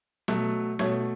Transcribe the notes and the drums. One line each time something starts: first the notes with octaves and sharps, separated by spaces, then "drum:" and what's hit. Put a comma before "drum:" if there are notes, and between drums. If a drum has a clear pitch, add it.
B2 F#3 A3, drum: snare
B2 A3 C#5, drum: snare